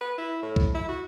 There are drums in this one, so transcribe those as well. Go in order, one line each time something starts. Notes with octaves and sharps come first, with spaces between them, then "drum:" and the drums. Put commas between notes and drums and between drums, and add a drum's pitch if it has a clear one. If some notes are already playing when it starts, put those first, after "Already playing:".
B4
E4
A2
drum: kick
E4
F#4